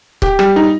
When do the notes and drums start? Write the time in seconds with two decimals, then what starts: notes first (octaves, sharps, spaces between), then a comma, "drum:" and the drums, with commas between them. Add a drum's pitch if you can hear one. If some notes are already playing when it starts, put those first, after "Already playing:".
0.22 G4, drum: kick C#1
0.39 G3, drum: rim click
0.56 D#4